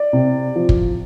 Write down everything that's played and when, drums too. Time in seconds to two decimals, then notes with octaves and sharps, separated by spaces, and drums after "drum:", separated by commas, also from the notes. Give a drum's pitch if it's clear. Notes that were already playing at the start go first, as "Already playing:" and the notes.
Already playing: D5
0.13 C3
0.56 F3
0.69 drum: kick